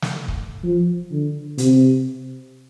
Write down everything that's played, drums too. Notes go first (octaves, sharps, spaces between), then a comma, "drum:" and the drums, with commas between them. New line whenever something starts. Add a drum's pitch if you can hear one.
drum: snare
drum: kick
F3
D3
C3, drum: hi-hat